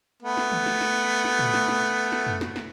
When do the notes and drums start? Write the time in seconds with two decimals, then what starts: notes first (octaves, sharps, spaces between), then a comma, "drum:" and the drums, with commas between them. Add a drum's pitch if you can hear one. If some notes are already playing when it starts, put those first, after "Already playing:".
0.23 A3 B3
0.37 drum: snare
0.52 drum: tom
0.66 drum: snare
0.81 drum: snare
1.25 drum: snare
1.39 drum: tom A2
1.54 drum: snare
1.68 drum: snare
2.12 drum: snare
2.27 drum: tom
2.41 drum: snare
2.56 drum: snare